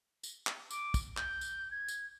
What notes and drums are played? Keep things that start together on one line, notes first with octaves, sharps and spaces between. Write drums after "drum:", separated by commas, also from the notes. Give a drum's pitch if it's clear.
drum: tambourine
drum: clap
D6, drum: tambourine
drum: kick, tambourine
G6, drum: clap
drum: tambourine
G#6
drum: tambourine